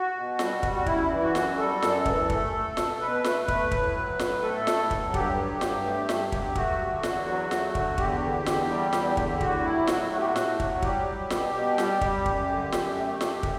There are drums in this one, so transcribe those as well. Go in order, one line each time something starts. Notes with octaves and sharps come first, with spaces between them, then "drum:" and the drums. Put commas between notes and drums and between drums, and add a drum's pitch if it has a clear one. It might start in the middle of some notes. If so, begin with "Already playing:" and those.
Already playing: F#4
B2
G3, drum: snare
G3, drum: kick
F#4
F#2 E4, drum: kick
E3
E4
F#4
F#2, drum: snare
G3 A4
F#2, drum: snare
E3, drum: kick
A3, drum: kick
A3
B2, drum: snare
B2 B4
A3, drum: snare
A3, drum: kick
A2, drum: kick
F#3
A2, drum: snare
A3 A4
A2, drum: snare
F#3, drum: kick
G2 G4, drum: kick
F#3
G2, drum: snare
A3
G2, drum: snare
F#3, drum: kick
A3 F#4, drum: kick
D3
E2, drum: snare
F#3
A3, drum: snare
D3, drum: kick
E2 G4, drum: kick
D3
E2, drum: snare
G3
E2, drum: snare
D3, drum: kick
A2 F#4, drum: kick
F#3 E4
A2 F#4, drum: snare
A3 F#4
G4
F#4
A2, drum: snare
F#3, drum: kick
G3 G4, drum: kick
G3
B2, drum: snare
B2
G3, drum: snare
G3, drum: kick
F#2, drum: kick
D3
F#2, drum: snare
A3
F#2, drum: snare
D3, drum: kick